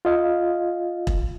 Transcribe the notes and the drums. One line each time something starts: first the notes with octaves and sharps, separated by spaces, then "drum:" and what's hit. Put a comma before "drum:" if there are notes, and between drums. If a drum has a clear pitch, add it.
F4 D#5 F5
drum: kick E1